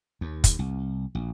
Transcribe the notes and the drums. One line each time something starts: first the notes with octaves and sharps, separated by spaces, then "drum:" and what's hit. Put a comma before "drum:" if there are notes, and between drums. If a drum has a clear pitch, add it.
D#2
drum: kick, hi-hat
C2
A#1